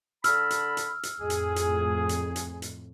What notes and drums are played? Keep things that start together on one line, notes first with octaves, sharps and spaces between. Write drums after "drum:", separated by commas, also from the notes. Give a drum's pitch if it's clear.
D3 A5 B5 E6 F6, drum: hi-hat
drum: hi-hat
drum: hi-hat
drum: hi-hat
F2 A2 G#4
drum: hi-hat
drum: hi-hat
drum: hi-hat
drum: hi-hat
drum: hi-hat